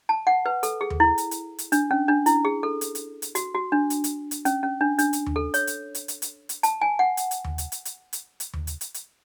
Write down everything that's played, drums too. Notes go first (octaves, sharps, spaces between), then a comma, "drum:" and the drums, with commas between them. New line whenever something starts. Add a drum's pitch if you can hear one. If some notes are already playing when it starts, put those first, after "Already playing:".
A5
F#5
B4
A4, drum: hi-hat
G#4
drum: tom D#2
E4
drum: hi-hat
drum: hi-hat
drum: hi-hat
D4, drum: hi-hat
C#4
D4
E4, drum: hi-hat
G#4
A4
drum: hi-hat
drum: hi-hat
drum: hi-hat
F#4, drum: hi-hat
F#4
D4
drum: hi-hat
drum: hi-hat
drum: hi-hat
C#4, drum: hi-hat
C#4
D4
D4, drum: hi-hat
drum: hi-hat
drum: tom D#2
A4
C#5, drum: hi-hat
drum: hi-hat
drum: hi-hat
drum: hi-hat
drum: hi-hat
drum: hi-hat
A5, drum: hi-hat
G#5
F#5
drum: hi-hat
drum: hi-hat
drum: tom D#2
drum: hi-hat
drum: hi-hat
drum: hi-hat
drum: hi-hat
drum: hi-hat
drum: tom D#2
drum: hi-hat
drum: hi-hat
drum: hi-hat